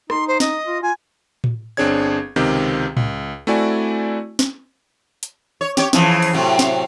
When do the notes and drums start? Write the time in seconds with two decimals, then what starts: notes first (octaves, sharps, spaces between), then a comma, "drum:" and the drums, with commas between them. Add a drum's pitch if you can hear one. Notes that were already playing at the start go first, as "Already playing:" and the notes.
0.10 D#4 C6, drum: rim click
0.28 C5
0.40 D#5, drum: snare
0.67 F4
0.82 F4 G#5
1.44 drum: tom A2
1.77 G1 C4 D4 G#4 C#5 G#6
2.36 C#2 C3 D#3 C4 G4
2.97 C#2, drum: tom A2
3.47 A3 C4 E4 F#4 D5 G#5
4.39 drum: snare
5.23 drum: hi-hat
5.61 C#5
5.77 G4 C#5, drum: snare
5.93 C#3 E3 F3, drum: snare
6.22 drum: cymbal
6.33 A2 C3 F#3
6.59 drum: snare